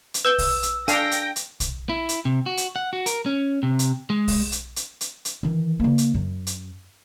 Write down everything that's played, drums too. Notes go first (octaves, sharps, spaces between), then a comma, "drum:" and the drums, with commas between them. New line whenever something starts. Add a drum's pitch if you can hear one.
drum: hi-hat
B4 E6 G6 G7
drum: kick, open hi-hat
drum: hi-hat
D4 A4 F5 G5 G#5 A#6, drum: hi-hat
drum: hi-hat
drum: hi-hat
drum: kick, hi-hat
E4
drum: hi-hat
C3
F#4
drum: hi-hat
F#5
F#4
A#4, drum: hi-hat
C#4
C3
drum: hi-hat
G#3
drum: kick, open hi-hat
drum: hi-hat
drum: hi-hat
drum: hi-hat
drum: hi-hat
D#3 E3
C#3 A#3
drum: hi-hat
F#2
drum: hi-hat